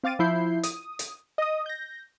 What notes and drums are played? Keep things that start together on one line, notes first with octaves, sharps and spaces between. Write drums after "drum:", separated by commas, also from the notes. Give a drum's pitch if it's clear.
C4 F5 D6 A6 D#7
F3 E4 G6 C7
D#6, drum: hi-hat
drum: hi-hat
D#5 D#6
G6 A#6